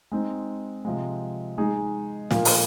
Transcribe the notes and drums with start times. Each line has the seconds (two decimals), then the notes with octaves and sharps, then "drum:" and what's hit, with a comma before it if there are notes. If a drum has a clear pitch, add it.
0.12 G#3 C4 D#4
0.85 C3 F3 G#3
1.58 G#3 D#4 G#4
2.31 A#2 F3 A#3, drum: snare
2.45 drum: open hi-hat